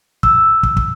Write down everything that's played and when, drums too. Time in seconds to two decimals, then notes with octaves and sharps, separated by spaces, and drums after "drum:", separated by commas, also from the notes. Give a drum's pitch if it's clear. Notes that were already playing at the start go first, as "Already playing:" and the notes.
0.23 E6, drum: kick
0.63 drum: kick
0.77 drum: kick